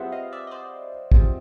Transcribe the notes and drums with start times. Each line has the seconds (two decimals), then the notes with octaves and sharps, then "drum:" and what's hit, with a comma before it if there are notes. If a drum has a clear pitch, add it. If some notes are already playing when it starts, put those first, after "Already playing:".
Already playing: G3 C4 F4 G#4 B4 E5 F#5
0.12 D#5 F5
0.33 D5 E5
0.47 D#5
0.51 C5 D5
1.12 G3 C4 F4 G#4, drum: kick